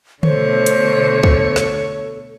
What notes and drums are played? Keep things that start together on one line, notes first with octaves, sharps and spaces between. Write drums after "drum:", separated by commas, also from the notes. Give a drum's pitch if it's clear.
B2 D3 A3 A4 C5 C#5, drum: tom D3
drum: hi-hat
drum: kick
drum: snare